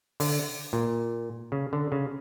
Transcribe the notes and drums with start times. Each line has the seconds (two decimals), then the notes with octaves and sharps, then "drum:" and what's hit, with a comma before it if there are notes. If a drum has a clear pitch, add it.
0.20 D3, drum: open hi-hat
0.73 A#2
1.52 C#3
1.73 D3
1.92 C#3